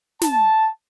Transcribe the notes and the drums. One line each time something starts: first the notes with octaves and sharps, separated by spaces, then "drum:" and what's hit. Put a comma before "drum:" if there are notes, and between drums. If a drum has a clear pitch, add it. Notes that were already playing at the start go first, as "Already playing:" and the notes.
A5, drum: snare